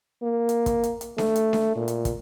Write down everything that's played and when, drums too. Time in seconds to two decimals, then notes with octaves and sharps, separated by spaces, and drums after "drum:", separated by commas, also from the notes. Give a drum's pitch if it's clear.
0.23 A#3
0.49 drum: hi-hat
0.66 drum: kick, hi-hat
0.83 drum: hi-hat
1.01 drum: hi-hat
1.18 A3, drum: snare D4
1.36 drum: hi-hat
1.53 drum: snare D4
1.76 A#2
1.88 drum: hi-hat
2.05 drum: kick, hi-hat